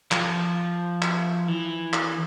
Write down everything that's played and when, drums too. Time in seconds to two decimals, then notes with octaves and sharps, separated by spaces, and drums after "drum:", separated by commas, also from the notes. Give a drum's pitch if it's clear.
0.12 F3, drum: clap
1.02 drum: clap
1.48 E3
1.93 drum: clap